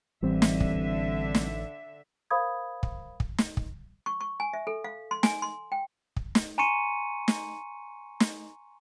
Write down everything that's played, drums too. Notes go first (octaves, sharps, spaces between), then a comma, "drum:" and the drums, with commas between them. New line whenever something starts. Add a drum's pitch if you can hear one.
A1 D3 E3 G3 C4 E5
drum: snare
drum: kick
drum: snare
A#4 C5 F5 B5 D#6 G#6
drum: kick
drum: kick
drum: snare
drum: kick
C#6
C#6
G#5
E5
A4
F5
C6
G#5, drum: snare
C6
G5
drum: kick
drum: snare
G#5 A#5 C6 C#6 C#7 D#7
drum: snare
drum: snare